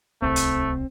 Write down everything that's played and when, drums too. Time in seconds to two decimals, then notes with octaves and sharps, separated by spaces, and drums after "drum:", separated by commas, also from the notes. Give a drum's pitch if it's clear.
0.22 D1 C2 A3 C4
0.36 drum: hi-hat